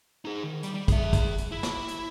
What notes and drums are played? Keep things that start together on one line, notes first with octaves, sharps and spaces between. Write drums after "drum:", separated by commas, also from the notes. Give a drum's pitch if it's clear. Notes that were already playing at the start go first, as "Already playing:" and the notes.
D#4 G#4
D#3
G3, drum: hi-hat
G3
G#4 E5, drum: kick, hi-hat
drum: kick, hi-hat
drum: hi-hat
E4
drum: snare
drum: hi-hat